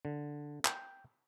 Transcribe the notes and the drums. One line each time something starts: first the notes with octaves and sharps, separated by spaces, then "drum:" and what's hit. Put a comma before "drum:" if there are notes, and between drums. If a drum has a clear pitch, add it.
D3
G5, drum: clap